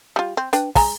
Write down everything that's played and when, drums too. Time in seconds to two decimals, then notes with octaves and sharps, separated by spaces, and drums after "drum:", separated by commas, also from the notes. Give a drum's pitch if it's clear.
0.16 G3 F4
0.37 C4
0.53 D4 B4 G5, drum: hi-hat
0.75 G#3 G#5 A#5, drum: kick, open hi-hat